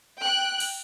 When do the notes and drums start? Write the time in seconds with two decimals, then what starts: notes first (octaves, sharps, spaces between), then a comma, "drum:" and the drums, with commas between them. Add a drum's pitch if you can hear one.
0.20 G5 F#6
0.60 drum: cymbal